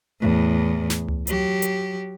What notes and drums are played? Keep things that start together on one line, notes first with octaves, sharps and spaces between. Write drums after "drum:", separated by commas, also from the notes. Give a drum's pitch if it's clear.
E2 A2
drum: snare
drum: tom C#2
F#3 G4, drum: hi-hat
drum: hi-hat